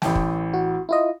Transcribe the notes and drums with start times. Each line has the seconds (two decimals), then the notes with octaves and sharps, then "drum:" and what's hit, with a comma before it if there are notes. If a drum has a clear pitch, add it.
0.02 A1 E3 G5, drum: snare
0.15 drum: kick
0.54 F#4
0.89 E4 F4 D#5